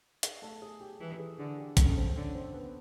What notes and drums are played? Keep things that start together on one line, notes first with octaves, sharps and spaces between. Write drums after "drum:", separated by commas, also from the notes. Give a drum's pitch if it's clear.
G#4, drum: hi-hat
A3 A4
G#4
G4
E3 G#4
G#4
D3 G#4
G4
C#3 A3 A4, drum: kick A1, hi-hat
C4 C5
D3 C#4 C#5
C4 C5
B3 B4